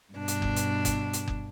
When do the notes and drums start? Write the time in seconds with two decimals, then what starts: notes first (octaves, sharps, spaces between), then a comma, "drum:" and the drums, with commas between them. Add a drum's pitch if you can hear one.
0.14 G2 B2 D4
0.28 drum: hi-hat
0.42 drum: kick F#1
0.56 drum: hi-hat
0.85 drum: kick F#1, hi-hat
1.13 drum: hi-hat
1.28 drum: kick F#1